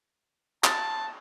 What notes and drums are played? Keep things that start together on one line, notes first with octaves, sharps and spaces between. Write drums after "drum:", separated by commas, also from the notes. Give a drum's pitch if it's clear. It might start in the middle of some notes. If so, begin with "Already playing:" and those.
A5, drum: clap